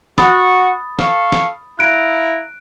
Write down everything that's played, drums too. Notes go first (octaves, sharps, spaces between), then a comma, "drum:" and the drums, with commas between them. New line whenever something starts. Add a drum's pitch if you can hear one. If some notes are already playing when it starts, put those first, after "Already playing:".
F#4 B5 D#6 A6, drum: snare
A4 F5 C#6, drum: snare
drum: snare
E4 F5 A#5 F#6 D7